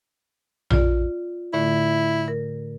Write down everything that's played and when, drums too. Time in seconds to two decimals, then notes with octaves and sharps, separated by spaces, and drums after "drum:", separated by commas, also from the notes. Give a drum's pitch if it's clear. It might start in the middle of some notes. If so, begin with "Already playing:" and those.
0.71 F4 D5, drum: tom A#1
1.54 A2 D3 A3 E4
2.28 A#4